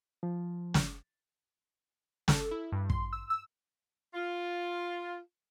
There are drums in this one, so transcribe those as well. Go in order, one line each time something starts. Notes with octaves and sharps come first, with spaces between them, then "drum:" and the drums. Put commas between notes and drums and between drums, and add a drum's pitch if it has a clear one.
F3
drum: snare
A4, drum: snare
E4
G2
C6, drum: kick
E6
E6
F4